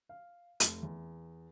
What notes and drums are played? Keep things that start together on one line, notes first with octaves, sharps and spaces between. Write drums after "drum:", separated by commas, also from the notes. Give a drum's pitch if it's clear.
F5
F1, drum: hi-hat
E2